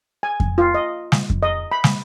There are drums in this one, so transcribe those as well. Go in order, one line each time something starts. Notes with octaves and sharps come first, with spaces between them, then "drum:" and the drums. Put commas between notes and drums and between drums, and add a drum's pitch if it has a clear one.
G#5
drum: kick F2
F4
D#5
drum: snare
drum: kick F2
D#5
B5
drum: snare